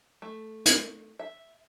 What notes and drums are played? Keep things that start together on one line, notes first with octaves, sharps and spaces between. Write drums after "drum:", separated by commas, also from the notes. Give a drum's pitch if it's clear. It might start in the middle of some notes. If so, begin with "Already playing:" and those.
A3
drum: hi-hat
E5